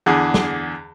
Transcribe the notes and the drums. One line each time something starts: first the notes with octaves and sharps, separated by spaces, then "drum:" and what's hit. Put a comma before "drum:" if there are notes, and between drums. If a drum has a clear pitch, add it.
E2 D3 G#4
drum: snare